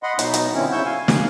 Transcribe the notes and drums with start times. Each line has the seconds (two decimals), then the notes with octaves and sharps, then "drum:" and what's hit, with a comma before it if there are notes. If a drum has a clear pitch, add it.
0.03 D#5 F#5 B5 C6
0.19 B2 F#3 B3 D#4, drum: hi-hat
0.34 drum: hi-hat
0.54 A#2 D3 C4 C#4 E4
0.72 C#3 F#3 E4 C#6 E6 G6
0.85 F5 G#5
1.08 drum: snare